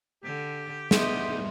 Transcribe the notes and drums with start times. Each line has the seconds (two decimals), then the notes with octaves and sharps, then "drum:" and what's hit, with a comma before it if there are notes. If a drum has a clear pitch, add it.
0.24 D3 G4
0.91 B3 F#4 D#5 E5 C6, drum: snare